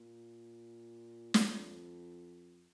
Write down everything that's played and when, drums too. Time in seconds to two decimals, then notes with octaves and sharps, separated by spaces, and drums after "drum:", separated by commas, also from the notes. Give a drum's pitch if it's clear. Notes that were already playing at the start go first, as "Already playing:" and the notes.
Already playing: A#2
1.34 F2, drum: snare